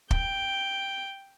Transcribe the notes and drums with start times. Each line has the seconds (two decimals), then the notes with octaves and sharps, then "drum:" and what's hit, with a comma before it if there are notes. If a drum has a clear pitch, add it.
0.11 G5, drum: kick